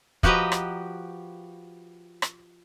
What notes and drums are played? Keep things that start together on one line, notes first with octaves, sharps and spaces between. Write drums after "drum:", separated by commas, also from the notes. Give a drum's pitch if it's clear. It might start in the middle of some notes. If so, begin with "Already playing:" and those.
F3 F#4 G4 B4 D#5 A#5, drum: kick
drum: rim click
drum: rim click